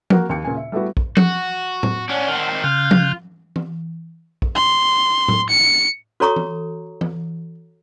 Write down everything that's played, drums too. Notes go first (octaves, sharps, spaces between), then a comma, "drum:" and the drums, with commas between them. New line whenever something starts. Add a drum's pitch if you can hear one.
A#3 F#4 A#4 F#5, drum: tom F3
D#2 G5 C#7
A#2 C#3 G#5
E5
G3 A3 B3 E4 F#4
drum: kick
F#4, drum: tom F3
drum: tom A2
C#4 D4 F#5 A5
D#3 C4
C#3 F4 F#6 G6
drum: tom F3
drum: tom E3
drum: kick
C6
drum: tom A2
C#7
F#4 A4 C#5 A#5 C#6 D#6
drum: tom E3
drum: tom E3